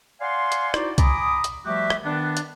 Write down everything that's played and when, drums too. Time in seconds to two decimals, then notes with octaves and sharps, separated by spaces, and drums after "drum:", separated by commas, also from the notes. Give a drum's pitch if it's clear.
0.21 D5 F5 F#5 G#5 C6
0.52 drum: hi-hat
0.74 D#4 E4 F#4 C5 D5, drum: rim click
0.98 G#5 A#5 B5 D6 D#6, drum: kick C2, hi-hat
1.44 drum: hi-hat
1.65 F3 G3 A3 F#4 G4 E5
1.90 drum: rim click
2.03 D#3 B3 D4
2.37 drum: hi-hat